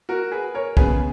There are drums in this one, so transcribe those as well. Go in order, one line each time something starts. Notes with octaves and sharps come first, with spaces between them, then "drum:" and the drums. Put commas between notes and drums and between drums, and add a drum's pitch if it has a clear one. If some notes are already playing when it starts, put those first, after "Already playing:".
F#4 A#4
G#4 B4
A#4 C#5
C#3 G#3 B3 G#4 B4, drum: kick